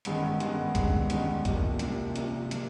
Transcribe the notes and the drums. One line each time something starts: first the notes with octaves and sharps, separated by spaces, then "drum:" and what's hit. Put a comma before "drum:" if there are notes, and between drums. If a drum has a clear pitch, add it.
A1 G2 D#3 G#3 B3, drum: hi-hat
A1 G2 D#3 G#3 B3, drum: hi-hat
A1 G2 D#3 G#3 B3, drum: kick, hi-hat
A1 G2 D#3 G#3 B3, drum: hi-hat
C2 C3 F3 A#3, drum: kick, hi-hat
C2 C3 F3 A#3, drum: hi-hat
C2 C3 F3 A#3, drum: hi-hat
C3 F3 A#3, drum: hi-hat